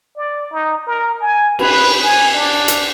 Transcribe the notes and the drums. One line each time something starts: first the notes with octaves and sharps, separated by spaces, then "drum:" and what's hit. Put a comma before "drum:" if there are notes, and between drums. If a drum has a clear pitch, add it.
D5
D#4
A#4
G#5
B4, drum: cymbal
G#5
D4
drum: hi-hat